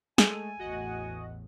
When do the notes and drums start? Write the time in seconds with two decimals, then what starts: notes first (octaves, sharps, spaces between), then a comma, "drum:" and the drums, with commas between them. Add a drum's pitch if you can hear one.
0.18 G#3 A3 G#4 A4 G#5, drum: snare
0.59 A1 E2 A2 F#4 D#5 F#5